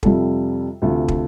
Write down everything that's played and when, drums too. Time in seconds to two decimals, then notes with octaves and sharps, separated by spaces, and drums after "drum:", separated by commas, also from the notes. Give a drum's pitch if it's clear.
0.03 F2 C3 G3 F4 A4, drum: kick
0.82 D2 C3 A3 F4 A4
1.08 drum: kick